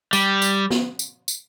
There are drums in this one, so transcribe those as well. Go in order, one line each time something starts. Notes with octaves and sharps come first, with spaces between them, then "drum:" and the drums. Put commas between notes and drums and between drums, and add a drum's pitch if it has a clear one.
G3, drum: tambourine
drum: tambourine
drum: snare
drum: tambourine
drum: tambourine